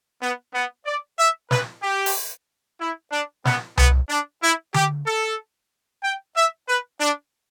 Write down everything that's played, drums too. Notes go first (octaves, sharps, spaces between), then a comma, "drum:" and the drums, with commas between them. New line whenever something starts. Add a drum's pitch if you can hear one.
B3
B3
D5
E5
B4, drum: snare
G4
drum: open hi-hat
E4
D4
B3, drum: snare
B3, drum: tom C2
D4
E4
G4, drum: tom D3
A4
G5
E5
B4
D4